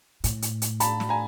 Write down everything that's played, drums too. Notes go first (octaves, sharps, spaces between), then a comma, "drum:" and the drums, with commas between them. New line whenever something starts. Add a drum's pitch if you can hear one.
A2, drum: hi-hat
drum: hi-hat
drum: hi-hat
A5 B5, drum: hi-hat
drum: snare
G#5 A#5